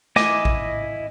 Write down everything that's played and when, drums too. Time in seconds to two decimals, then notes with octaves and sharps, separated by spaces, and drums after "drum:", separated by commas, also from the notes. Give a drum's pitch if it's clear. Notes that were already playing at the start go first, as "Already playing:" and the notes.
0.16 E4 D#5 G#5 D6, drum: snare
0.45 drum: kick A1